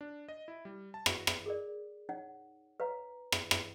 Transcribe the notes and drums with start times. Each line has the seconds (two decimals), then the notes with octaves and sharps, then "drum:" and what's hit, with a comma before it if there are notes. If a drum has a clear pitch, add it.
0.01 D4
0.28 D#5
0.48 E4
0.65 G3
0.94 A5
1.06 F#4, drum: rim click
1.27 drum: rim click
1.46 G#4 A#4 D5
2.09 D#4 C#5 F#5
2.80 B4 C#5 F5 A#5
3.32 drum: rim click
3.51 drum: rim click